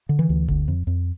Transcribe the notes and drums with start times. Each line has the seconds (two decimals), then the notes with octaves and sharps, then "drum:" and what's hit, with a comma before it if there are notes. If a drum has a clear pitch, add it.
0.09 D3
0.19 E3
0.29 D2
0.48 D3, drum: kick F1
0.68 F2
0.87 F2